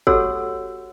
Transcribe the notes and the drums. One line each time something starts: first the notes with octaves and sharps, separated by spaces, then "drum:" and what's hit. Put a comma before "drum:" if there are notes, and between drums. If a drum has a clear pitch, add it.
F#4 G4 A4 C#5 F#5 E6, drum: kick